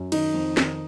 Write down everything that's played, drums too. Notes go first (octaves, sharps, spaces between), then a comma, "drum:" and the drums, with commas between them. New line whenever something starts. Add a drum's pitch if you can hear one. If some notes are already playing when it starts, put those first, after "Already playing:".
Already playing: F#2
D#3 D#4, drum: cymbal
F2
D#3, drum: snare